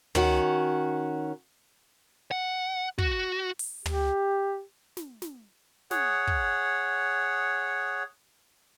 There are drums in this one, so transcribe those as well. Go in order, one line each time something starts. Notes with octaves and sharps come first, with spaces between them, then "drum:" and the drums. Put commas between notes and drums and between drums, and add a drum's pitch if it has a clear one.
D#3 C#4 F#4, drum: tom
F#5
F#4, drum: kick
drum: open hi-hat
G4, drum: tom
drum: snare
drum: snare
G#4 C#5 F#5, drum: snare
drum: kick